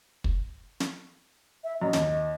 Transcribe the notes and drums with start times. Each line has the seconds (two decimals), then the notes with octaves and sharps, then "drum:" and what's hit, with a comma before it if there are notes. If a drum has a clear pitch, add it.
0.24 drum: kick
0.80 drum: snare
1.64 E5
1.82 F#2 D#5
1.93 D#2, drum: snare